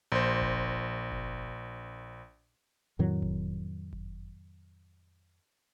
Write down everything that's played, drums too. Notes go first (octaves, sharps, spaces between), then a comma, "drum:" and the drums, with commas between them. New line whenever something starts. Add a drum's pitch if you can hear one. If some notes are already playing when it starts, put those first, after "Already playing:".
A#1 C5
drum: kick F#1
drum: kick F#1
F2 A2 D#3 F#3
drum: kick F#1
drum: kick F#1